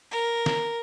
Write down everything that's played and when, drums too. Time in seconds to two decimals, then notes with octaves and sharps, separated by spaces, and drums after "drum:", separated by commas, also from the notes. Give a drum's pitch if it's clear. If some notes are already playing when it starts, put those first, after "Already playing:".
0.11 A#4
0.46 drum: snare